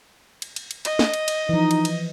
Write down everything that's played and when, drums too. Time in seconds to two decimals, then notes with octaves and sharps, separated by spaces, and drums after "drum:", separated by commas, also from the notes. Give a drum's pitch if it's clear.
0.42 drum: cymbal
0.56 drum: cymbal
0.71 drum: cymbal
0.85 D#5, drum: cymbal
0.99 drum: snare
1.14 drum: cymbal
1.28 drum: cymbal
1.49 E3 F3 D#4
1.71 drum: cymbal
1.85 drum: cymbal